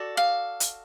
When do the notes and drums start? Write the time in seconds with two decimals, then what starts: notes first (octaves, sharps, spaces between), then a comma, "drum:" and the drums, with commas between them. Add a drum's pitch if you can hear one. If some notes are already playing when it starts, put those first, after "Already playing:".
Already playing: F#4 A4 D5
0.17 F5
0.60 drum: hi-hat